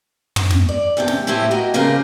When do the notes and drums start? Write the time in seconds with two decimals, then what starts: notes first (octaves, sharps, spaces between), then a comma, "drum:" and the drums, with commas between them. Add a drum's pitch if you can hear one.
0.36 drum: tom
0.50 drum: snare
0.69 D5
0.97 E2 C3 A4 G5
1.08 drum: snare
1.27 A2 A3 C4 E4 G4
1.51 F#4 G4 A#4 D#5 G5
1.74 G2 C#3 F3 C4 G4 A#4